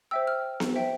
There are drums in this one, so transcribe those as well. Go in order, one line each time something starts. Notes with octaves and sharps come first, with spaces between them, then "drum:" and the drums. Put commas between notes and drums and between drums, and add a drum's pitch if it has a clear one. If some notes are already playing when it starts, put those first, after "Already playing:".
C5 E5 G5 E6
F6
drum: snare B3
C5 E5 G5